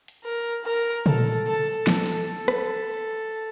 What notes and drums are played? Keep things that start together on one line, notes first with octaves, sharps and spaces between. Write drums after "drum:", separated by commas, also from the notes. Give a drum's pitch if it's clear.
drum: hi-hat
A#4
A#4
A4, drum: tom
A4
A4, drum: snare
drum: open hi-hat
A4
drum: rim click